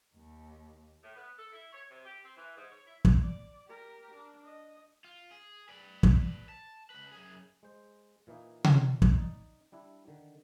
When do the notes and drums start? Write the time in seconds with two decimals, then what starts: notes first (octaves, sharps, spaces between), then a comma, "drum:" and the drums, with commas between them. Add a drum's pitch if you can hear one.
0.13 D#2
1.01 A2
1.15 B3
1.37 A4
1.52 E4
1.71 C#5
1.88 C3
2.05 G4
2.23 C4
2.36 E3
2.56 G#2
2.69 C#5
2.84 E4
3.05 drum: kick
3.21 D5
3.67 G4 A#4
4.13 D4
4.44 D#5
5.04 F4
5.31 G#4
5.69 B4 D5
6.03 drum: kick
6.49 A5
6.90 C#2 B4
7.12 F#2 G#4
7.63 G#3 C5
8.27 A#2 E3 A#3 D#4
8.64 drum: tom C3
9.02 drum: kick
9.12 D#4 D5
9.72 G3 D4 E4
10.08 D3 D#3